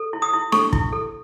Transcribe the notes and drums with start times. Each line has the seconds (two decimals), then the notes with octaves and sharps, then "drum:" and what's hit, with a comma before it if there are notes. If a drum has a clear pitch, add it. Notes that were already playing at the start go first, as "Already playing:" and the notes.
Already playing: A4
0.13 E4
0.22 D#6
0.33 E4
0.52 A4 C#6, drum: snare D4
0.73 E4, drum: kick
0.92 A4